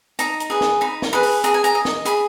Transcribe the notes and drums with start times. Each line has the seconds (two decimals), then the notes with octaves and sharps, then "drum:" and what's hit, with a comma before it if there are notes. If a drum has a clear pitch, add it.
0.19 D#4 A#5, drum: hi-hat
0.40 drum: hi-hat
0.50 G#4 B4
0.61 drum: snare
0.81 D#4 B5
1.02 drum: snare
1.13 G#4 B4 B5
1.23 drum: open hi-hat
1.44 G#4 A#5, drum: hi-hat
1.54 G#5
1.64 A#5, drum: hi-hat
1.75 D#5
1.85 drum: snare
2.05 G#4 B5, drum: hi-hat